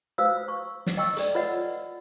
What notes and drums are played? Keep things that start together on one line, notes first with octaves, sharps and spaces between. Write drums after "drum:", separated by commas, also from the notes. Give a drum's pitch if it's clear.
F#4 B4 C5 F5 D#6 E6
C#6
drum: snare
D#5 G5 C#6 E6
A4 D5, drum: hi-hat
F4 B4 C#5 D#5 F#5